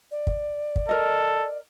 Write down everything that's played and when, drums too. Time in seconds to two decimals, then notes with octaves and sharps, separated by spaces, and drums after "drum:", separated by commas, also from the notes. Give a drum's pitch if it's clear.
0.11 D5
0.27 drum: kick
0.76 drum: kick
0.89 A4 A#4 D#5